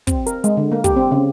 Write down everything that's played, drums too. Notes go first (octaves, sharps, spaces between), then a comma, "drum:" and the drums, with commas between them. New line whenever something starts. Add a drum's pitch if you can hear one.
C4, drum: kick, hi-hat
A#4, drum: hi-hat
G#3, drum: hi-hat
D3
A#3
G4, drum: kick, hi-hat
C4
C#3